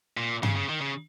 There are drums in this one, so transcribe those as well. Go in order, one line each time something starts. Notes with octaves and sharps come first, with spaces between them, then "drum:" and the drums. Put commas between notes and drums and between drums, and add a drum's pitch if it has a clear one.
A#2
C#3, drum: tom G2
C#3
D#3
C#3